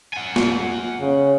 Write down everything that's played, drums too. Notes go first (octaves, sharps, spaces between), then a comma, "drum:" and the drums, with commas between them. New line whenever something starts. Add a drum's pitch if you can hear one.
F#5 G#5
drum: snare
C#3